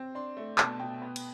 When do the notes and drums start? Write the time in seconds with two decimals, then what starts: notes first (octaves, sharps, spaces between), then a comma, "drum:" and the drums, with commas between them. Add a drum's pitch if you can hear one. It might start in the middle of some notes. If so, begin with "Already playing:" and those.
Already playing: C4
0.15 D4 C6
0.37 A3
0.58 B2 A5, drum: clap
0.80 B2 G5
1.02 B3
1.16 drum: cymbal